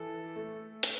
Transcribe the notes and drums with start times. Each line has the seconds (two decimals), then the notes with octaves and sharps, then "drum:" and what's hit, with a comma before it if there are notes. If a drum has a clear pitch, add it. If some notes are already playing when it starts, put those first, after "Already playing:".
Already playing: E3 A4
0.36 A3
0.83 drum: hi-hat